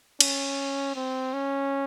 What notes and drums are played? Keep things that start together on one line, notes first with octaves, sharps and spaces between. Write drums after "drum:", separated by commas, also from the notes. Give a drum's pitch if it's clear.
C#4, drum: cymbal
C4
C#4